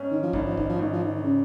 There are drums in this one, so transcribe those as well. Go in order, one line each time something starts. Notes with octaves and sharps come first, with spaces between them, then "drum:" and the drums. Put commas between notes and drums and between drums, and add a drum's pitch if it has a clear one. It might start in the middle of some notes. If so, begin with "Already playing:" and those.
Already playing: G#2 C#4
D#3
F3
G#1 D#3, drum: kick A1
F3
D#3, drum: kick A1
F3
G#1 D#3
F3
D#3
D#3
C#3